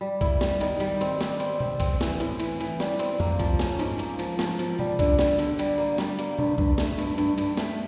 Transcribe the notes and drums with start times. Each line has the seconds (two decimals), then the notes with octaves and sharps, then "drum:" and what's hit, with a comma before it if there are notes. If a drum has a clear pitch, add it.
0.01 G3
0.21 E4, drum: kick C2, cymbal
0.41 G3, drum: snare
0.61 D#3, drum: cymbal
0.80 G3, drum: cymbal
1.01 C4, drum: cymbal
1.21 G3, drum: snare
1.40 C4, drum: cymbal
1.60 C4, drum: tom B2
1.80 C4, drum: kick C2, cymbal
2.01 E3, drum: snare
2.20 A2, drum: cymbal
2.40 E3, drum: cymbal
2.61 E3, drum: cymbal
2.80 G3, drum: snare
2.99 C4, drum: cymbal
3.20 A#3, drum: tom F2
3.40 F3, drum: kick C2, cymbal
3.59 C#4, drum: snare
3.79 G#2, drum: cymbal
3.99 A#3, drum: cymbal
4.19 F3, drum: cymbal
4.39 F3, drum: snare
4.59 F3, drum: cymbal
4.79 G3, drum: tom B2
4.99 D3, drum: kick C2, cymbal
5.19 G3, drum: snare
5.39 D3, drum: cymbal
5.59 G3, drum: cymbal
5.78 A#3
5.98 G3, drum: snare
6.19 A#3, drum: cymbal
6.38 G2, drum: tom B2
6.58 G2, drum: kick C2
6.78 A3, drum: snare
6.98 G2, drum: cymbal
7.18 G2, drum: cymbal
7.38 G2, drum: cymbal
7.57 A3, drum: snare